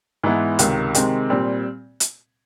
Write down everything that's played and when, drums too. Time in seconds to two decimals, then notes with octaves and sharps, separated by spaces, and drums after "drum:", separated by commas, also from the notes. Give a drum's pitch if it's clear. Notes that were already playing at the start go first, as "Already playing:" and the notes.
0.23 G#2 E3 G#3 B3 E4
0.59 C#2 C3 D#3, drum: hi-hat
0.95 C3 D#3 G#3 C4, drum: hi-hat
1.30 A#2 G3 C4
2.00 drum: hi-hat